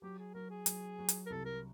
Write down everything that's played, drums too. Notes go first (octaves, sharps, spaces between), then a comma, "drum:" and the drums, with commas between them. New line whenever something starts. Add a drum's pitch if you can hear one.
F#3 G4
G#4
F#3 A#4
G#4
F#3, drum: hi-hat
F#3
drum: hi-hat
A#4
C2 A4
A#4